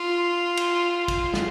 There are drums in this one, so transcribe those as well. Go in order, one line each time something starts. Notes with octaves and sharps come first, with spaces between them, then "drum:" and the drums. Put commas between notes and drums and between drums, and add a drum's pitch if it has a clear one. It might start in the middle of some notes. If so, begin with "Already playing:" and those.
Already playing: F4
drum: cymbal
drum: kick, cymbal
drum: snare